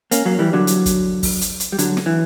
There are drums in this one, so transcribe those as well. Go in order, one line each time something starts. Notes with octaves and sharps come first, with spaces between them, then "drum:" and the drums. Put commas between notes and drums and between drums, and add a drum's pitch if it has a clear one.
A#3 C#4, drum: hi-hat
F#3 A#3
E3 G3
D3 F#3
drum: hi-hat
drum: kick, hi-hat
drum: kick, open hi-hat
drum: hi-hat
drum: hi-hat
G3
D3 F#3, drum: hi-hat
drum: snare
E3